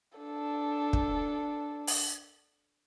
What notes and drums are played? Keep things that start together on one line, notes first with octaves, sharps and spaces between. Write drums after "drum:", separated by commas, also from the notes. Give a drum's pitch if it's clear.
D4 A4
drum: kick
drum: open hi-hat